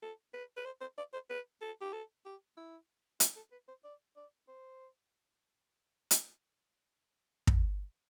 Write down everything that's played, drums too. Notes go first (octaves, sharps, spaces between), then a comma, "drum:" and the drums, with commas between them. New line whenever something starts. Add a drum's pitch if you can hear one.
A4
B4
B4
C5
C5
D5
C5
B4
A4
G4
A4
G4
E4
F4, drum: hi-hat
A4
B4
C5
D5
D5
C5
drum: hi-hat
drum: kick